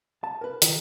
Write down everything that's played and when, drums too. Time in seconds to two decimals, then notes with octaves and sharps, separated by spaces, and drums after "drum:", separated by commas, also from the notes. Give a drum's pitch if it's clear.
0.24 A5
0.41 A#4 B4
0.62 D#3, drum: hi-hat